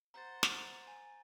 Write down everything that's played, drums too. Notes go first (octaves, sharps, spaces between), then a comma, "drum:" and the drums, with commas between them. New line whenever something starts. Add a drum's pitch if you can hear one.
C5 F#5 A#5 G6 A6
drum: snare
G#5